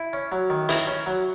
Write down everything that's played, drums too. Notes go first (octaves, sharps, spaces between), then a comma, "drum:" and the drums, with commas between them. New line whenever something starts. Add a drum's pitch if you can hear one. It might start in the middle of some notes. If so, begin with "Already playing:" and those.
Already playing: E4
C#4
F#3
D#3
E4, drum: hi-hat
C#4
F#3